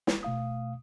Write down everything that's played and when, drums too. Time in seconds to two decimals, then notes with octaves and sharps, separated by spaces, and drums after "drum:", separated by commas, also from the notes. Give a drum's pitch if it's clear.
0.07 drum: snare
0.23 B2 A3 F5 D#6